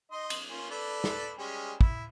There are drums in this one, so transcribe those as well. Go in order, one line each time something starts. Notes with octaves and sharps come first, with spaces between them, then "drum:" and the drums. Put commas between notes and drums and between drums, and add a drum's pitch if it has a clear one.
D#4 D#5 C6
drum: cymbal
A#3 C#4 F4
A4 B4 D5
drum: snare
G3 G#3 C#4
E4, drum: kick